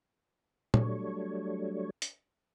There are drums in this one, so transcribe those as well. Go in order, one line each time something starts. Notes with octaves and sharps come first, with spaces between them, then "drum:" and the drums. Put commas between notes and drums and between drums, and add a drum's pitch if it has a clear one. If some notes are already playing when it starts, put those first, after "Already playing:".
F#3 G3 A3 D4 C#5, drum: tom
drum: hi-hat